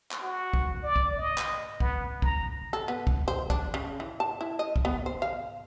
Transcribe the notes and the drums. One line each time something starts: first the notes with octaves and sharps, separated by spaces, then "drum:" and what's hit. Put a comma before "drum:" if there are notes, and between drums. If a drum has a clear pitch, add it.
drum: clap
F#4
drum: kick
D5
drum: kick
D#5
drum: clap
B3, drum: kick
A#5, drum: kick
A4
B3
drum: kick
C5
D4, drum: kick
C#3
E3
A5
E4
D#5
drum: kick
B3
C5
F5